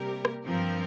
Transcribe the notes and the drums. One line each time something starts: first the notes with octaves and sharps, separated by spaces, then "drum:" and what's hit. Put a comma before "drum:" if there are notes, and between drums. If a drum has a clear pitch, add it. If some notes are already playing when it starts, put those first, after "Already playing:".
Already playing: C3 G3 A#3 G4 A#4
drum: rim click
G2 F3 C4 A#4